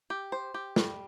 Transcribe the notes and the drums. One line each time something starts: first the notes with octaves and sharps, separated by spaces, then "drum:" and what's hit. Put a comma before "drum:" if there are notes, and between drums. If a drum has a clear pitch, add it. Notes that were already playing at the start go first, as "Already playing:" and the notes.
G4
C5
G4
G3, drum: snare